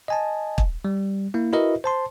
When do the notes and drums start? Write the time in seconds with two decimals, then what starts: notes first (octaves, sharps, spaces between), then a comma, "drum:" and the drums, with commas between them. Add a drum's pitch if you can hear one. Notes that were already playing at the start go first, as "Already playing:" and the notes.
0.08 D#5 G#5 A5
0.58 drum: kick
0.85 G3
1.34 A#3 E4
1.53 E4 F#4 A#4 B4 D#5 E5
1.84 C5 A5 C6